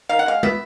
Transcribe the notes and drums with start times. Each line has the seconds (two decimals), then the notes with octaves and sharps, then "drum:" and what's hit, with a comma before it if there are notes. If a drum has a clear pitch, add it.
0.09 D#3 F5
0.19 F#5
0.26 G#3 F5
0.43 B3 E5, drum: tom